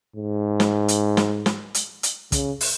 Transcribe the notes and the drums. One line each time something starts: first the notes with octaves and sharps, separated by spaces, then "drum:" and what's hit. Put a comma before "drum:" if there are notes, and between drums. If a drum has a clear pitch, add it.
G#2
drum: snare
drum: hi-hat
drum: snare
drum: snare
drum: hi-hat
drum: hi-hat
C#3, drum: kick, hi-hat
drum: open hi-hat